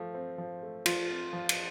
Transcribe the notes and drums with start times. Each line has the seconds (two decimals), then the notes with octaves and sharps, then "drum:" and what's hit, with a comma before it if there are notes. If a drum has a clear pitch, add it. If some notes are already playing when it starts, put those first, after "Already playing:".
Already playing: F3 A3
0.14 C4
0.38 F3
0.63 A3
0.86 F3 F4, drum: cymbal
1.10 C4
1.33 F3
1.49 drum: cymbal